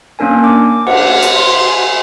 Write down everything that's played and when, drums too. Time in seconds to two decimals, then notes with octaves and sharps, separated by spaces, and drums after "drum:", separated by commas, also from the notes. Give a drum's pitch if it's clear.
0.19 A#3 C#4 D4 A#4 G#5
0.44 D6
0.87 F#5, drum: cymbal
1.22 drum: hi-hat
1.36 C6
1.67 G#5